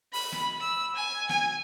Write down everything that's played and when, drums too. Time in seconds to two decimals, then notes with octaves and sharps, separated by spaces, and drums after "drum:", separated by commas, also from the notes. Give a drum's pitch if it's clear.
0.13 B5, drum: open hi-hat
0.33 drum: snare
0.61 E6
0.96 G#5
1.30 G#5, drum: snare